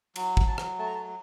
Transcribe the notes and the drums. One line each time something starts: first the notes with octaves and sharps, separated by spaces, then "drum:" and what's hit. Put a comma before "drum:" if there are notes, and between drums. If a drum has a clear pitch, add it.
F#3, drum: cymbal
drum: kick
F#3 A5
drum: rim click
A3 A5
A#5
A5